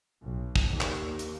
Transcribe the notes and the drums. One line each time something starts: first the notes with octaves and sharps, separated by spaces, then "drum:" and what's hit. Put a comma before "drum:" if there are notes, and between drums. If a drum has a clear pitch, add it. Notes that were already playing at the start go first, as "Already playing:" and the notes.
B1
drum: kick
D#2
drum: clap
drum: hi-hat